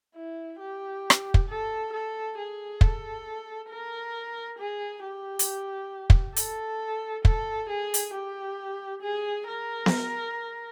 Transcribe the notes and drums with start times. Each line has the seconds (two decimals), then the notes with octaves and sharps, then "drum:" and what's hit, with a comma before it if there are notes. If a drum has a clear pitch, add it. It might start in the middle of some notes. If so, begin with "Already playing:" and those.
0.16 E4
0.60 G4
1.10 drum: rim click
1.34 drum: kick
1.49 A4
1.93 A4
2.38 G#4
2.81 A4, drum: kick
3.70 A#4
4.59 G#4
5.03 G4
5.39 drum: hi-hat
6.10 drum: kick
6.36 A4, drum: hi-hat
7.25 A4, drum: kick
7.69 G#4
7.94 drum: hi-hat
8.14 G4
9.02 G#4
9.47 A#4
9.86 drum: snare B3